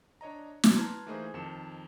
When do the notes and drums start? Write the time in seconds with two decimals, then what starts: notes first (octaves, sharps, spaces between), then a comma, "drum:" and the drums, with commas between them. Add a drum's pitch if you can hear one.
0.21 D4 C#5 D#5 A#5
0.63 D5 F#6 G#6, drum: snare
0.76 B4 A5 A#5 C6 F6
1.07 E3 A3 A#3 D#4 G#4 C5
1.34 F2 D#3 A5 C#7 E7